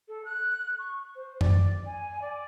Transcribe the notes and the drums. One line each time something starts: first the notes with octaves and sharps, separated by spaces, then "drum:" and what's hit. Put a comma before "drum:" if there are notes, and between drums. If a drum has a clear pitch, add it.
A4
F#6
C#6
C5
D5, drum: tom F#2
G#5
D5